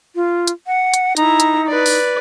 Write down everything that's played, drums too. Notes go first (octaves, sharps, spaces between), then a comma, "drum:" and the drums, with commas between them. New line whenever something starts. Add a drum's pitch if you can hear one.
F4
drum: hi-hat
F#5
drum: hi-hat
D#4 E4 A#5, drum: hi-hat
drum: hi-hat
B4 D5
drum: open hi-hat